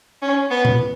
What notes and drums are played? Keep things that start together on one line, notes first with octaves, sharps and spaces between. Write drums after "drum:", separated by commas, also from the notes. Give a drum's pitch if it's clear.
C#4
B3
drum: tom A#2